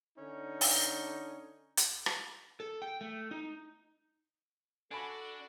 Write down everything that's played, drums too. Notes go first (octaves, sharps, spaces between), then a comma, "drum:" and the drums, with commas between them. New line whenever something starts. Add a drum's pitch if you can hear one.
D3 C#4 D#4
drum: open hi-hat
drum: hi-hat
drum: rim click
A4
G5
A3
D#4
D4 F#4 A4 G#5 B5